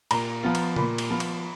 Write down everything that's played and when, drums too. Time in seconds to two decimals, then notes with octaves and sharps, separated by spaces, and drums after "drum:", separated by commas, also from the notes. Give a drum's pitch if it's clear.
0.11 A#2 A#5, drum: cymbal
0.43 F3 B3 F4
0.55 drum: cymbal
0.76 A#2 B5, drum: tom C#3
0.98 drum: cymbal
1.09 F3 B3 F4 B5
1.20 drum: cymbal